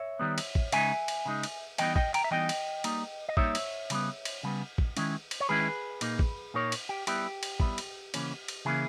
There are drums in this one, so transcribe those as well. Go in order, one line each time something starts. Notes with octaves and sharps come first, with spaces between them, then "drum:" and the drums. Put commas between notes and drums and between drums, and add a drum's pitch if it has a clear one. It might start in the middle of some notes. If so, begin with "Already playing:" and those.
Already playing: C#5 E5
D#3 G3 B3
drum: cymbal
drum: kick
C#3 G#3 D#4 E5 G#5, drum: cymbal
drum: cymbal
C#3 G#3 D#4
drum: cymbal
E3 G3 B3 D#4 D#5 G5, drum: cymbal
D#5 G5, drum: kick
G5 A#5, drum: cymbal
E5
E3 G3 B3 D#4 D#5 G5
drum: cymbal
G3 A#3 D#4, drum: cymbal
D#5
G3 A#3 D#4 C#5 E5, drum: kick
drum: cymbal
C#3 G3 B3, drum: cymbal
drum: cymbal
C#3 G3 B3
drum: kick
D#3 G#3 C#4 E4, drum: cymbal
drum: cymbal
C#5
D#3 G#3 C#4 E4 G#4 B4
A#2 A#3 D#4, drum: cymbal
drum: kick
A#2 A#3 D#4 A#4 C#5
drum: cymbal
G4
G3 B3 E4 G4, drum: cymbal
drum: cymbal
G3 B3 E4, drum: kick
drum: cymbal
C#3 E3 A#3 C#4, drum: cymbal
drum: cymbal
C#3 E3 A#3 C#4 E4 G#4